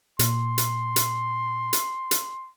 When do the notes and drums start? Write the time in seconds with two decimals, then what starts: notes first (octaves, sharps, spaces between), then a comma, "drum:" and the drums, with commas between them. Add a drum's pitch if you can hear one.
0.19 A#2 C6, drum: hi-hat
0.58 drum: hi-hat
0.96 drum: hi-hat
1.73 drum: hi-hat
2.11 drum: hi-hat